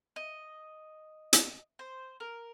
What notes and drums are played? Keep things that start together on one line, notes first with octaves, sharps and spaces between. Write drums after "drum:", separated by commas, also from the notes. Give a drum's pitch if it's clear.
D#5
drum: hi-hat
C5
A#4